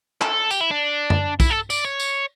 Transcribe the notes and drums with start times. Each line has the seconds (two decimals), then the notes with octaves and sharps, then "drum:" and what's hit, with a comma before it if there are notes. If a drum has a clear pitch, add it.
0.21 A4, drum: clap
0.51 G4, drum: tambourine
0.61 E4
0.71 D4
1.10 drum: tom F#2
1.40 E4, drum: kick, tambourine
1.50 A4
1.70 D5, drum: tambourine
1.84 C#5
2.00 drum: tambourine